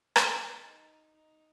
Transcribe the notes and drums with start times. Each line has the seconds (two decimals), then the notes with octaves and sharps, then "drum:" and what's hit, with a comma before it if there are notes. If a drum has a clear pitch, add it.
0.16 G4, drum: rim click
0.53 D#4
1.14 D#4